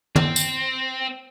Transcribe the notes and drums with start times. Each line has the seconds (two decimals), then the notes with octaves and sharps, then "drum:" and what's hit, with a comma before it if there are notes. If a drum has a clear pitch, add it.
0.16 C4, drum: tom
0.36 drum: tambourine